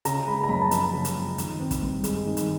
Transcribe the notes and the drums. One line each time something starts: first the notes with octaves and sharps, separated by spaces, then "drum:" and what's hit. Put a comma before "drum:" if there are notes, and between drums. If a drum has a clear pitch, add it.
C#3 A#5, drum: hi-hat
G#3 B5
A#5
F#2 B5
A5
F3 A#5, drum: hi-hat
C#3
drum: hi-hat
G#3
D#3, drum: hi-hat
C4
drum: kick, hi-hat
G2
G#3, drum: hi-hat
D#3
drum: hi-hat